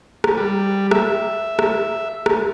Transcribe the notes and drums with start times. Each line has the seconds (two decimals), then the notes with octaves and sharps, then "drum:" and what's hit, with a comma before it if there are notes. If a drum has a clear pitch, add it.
0.24 drum: rim click
0.37 G3
0.91 E5, drum: rim click
1.59 drum: rim click
2.26 drum: rim click